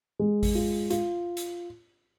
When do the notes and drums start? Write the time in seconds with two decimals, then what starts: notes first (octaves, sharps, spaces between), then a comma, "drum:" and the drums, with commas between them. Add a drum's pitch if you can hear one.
0.19 G#3
0.43 drum: kick A1, open hi-hat
0.55 F4
0.90 F4, drum: hi-hat
1.37 drum: hi-hat